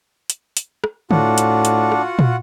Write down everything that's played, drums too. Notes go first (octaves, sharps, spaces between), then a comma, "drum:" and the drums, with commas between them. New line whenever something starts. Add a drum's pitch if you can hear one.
drum: hi-hat
drum: hi-hat
drum: rim click
A2 D4 F4 F#4 F#5, drum: tom D3
drum: hi-hat
drum: hi-hat
drum: rim click
drum: tom A#2